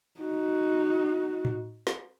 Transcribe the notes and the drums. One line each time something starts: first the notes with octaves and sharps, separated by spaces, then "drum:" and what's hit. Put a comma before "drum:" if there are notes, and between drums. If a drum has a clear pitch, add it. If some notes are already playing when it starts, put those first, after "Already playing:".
D#4 F#4
drum: tom A2
drum: snare